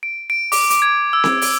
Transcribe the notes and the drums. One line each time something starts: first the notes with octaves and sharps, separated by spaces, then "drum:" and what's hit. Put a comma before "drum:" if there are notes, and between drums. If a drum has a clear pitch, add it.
D7
D7
D6, drum: open hi-hat
D6, drum: hi-hat
G#6
E6
drum: snare C4
drum: open hi-hat